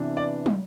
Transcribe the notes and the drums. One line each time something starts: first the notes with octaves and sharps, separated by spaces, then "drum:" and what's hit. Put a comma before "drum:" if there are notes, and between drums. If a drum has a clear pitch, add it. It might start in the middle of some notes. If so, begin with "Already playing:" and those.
Already playing: C3 E3 B3 D4
D5
drum: tom